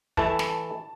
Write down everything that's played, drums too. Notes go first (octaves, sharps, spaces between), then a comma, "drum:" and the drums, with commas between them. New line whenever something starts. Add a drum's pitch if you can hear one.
E3 A3 E4 A5, drum: kick
drum: snare